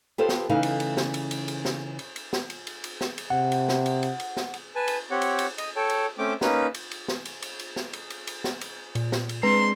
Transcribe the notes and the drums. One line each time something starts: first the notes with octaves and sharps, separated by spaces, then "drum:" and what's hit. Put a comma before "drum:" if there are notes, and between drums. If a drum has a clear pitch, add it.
B3 F4 G4 A4 C5
drum: snare
C#3 E3 A3 D#4 F5
drum: cymbal
drum: cymbal
drum: snare
drum: cymbal
drum: cymbal
drum: cymbal
drum: snare
drum: cymbal
drum: cymbal
drum: snare
drum: cymbal
drum: cymbal
drum: cymbal
drum: snare
drum: cymbal
C3 F#5
drum: cymbal
drum: snare
drum: cymbal
drum: cymbal
drum: cymbal
drum: snare
drum: cymbal
B4 G#5 A5
drum: cymbal
C4 G4 C#5 F#5
drum: cymbal
drum: cymbal
D#5, drum: cymbal
A4 C#5 G5 A5
drum: cymbal
A3 C4 C#4 G5 D6
A#3 C#4 D#4 B4, drum: snare
drum: cymbal
drum: cymbal
drum: snare
drum: cymbal
drum: cymbal
drum: cymbal
drum: snare
drum: cymbal
drum: cymbal
drum: cymbal
drum: snare
drum: cymbal
A#2, drum: cymbal
drum: snare
drum: cymbal
G#3 C4 D4 B4 A#5 C6